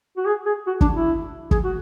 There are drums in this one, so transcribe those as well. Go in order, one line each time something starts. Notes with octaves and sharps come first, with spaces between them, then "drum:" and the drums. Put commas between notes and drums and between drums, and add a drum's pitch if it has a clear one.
F#4
G#4
G#4
F#4
D4, drum: kick
E4
G#4, drum: kick
F#4